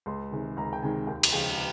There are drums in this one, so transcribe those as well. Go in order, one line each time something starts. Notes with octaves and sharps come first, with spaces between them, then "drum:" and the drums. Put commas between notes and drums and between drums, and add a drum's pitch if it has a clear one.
C#2 C6
C3 D#3 G#3
C#2 A#5
G5
C3 D#3 G#3 G#5
D#2 G5
drum: cymbal
C#3 F3 G#3 G5